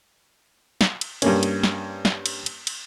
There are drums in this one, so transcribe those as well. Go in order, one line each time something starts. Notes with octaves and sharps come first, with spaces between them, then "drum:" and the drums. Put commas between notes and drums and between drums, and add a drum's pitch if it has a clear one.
drum: snare
drum: cymbal
G2 A#3 C#4, drum: cymbal
drum: cymbal
drum: snare
drum: snare
drum: cymbal
drum: cymbal
drum: cymbal